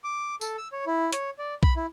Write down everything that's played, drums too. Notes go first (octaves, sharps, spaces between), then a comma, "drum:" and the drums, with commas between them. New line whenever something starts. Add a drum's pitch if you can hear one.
D6
A4, drum: tambourine
E6
C#5
E4
C#5, drum: hi-hat
D5
B5, drum: kick B1
E4